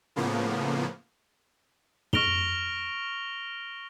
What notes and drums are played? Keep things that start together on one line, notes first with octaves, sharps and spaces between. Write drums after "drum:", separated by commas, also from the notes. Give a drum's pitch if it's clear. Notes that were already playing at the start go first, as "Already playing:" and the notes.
A2 C#3 F3 A#3 B3
C#6 F6 A#6 D7 F7 G7, drum: tom